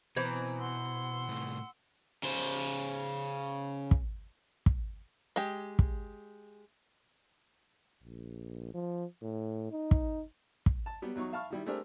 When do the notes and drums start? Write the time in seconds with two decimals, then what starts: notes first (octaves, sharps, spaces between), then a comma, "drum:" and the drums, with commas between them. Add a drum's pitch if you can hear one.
0.16 B2 E3 C4 A#5
0.59 F#5 C6 E6
1.29 A2 C3
2.23 C#3 C5
3.91 drum: kick
4.66 drum: kick
5.36 G#3 G4
5.79 drum: kick
8.03 A#1
8.74 F3
9.22 A2
9.72 D#4
9.91 drum: kick
10.66 drum: kick
10.86 A5
11.02 F#3 G3 B3 G4
11.15 E2 F#3 D#4 C#6
11.32 E5 F5 A5 B5 C#6 F6
11.50 D#3 G3 E4
11.66 G#3 A3 C4 D4 G4 A#4